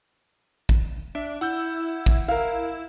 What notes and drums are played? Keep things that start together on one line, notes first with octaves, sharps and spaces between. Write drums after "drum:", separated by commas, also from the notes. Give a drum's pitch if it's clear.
drum: kick
D4 E5
E4 F#5 E6 G6
drum: kick
E4 A#4 F5